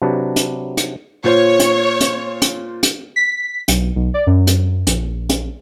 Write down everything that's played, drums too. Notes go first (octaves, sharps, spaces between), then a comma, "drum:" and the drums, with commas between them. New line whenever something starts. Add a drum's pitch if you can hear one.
C3 F#3 D4 B4 A5
drum: hi-hat
drum: hi-hat
A#2 F4 C5 C#5
drum: hi-hat
drum: hi-hat
drum: hi-hat
drum: hi-hat
B6
B1, drum: hi-hat
B1
D5
F#2
drum: hi-hat
A#1, drum: hi-hat
drum: hi-hat